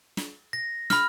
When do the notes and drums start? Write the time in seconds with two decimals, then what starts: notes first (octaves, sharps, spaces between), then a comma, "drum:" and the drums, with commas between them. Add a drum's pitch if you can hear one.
0.17 drum: snare
0.53 A#6
0.90 B5 F6, drum: snare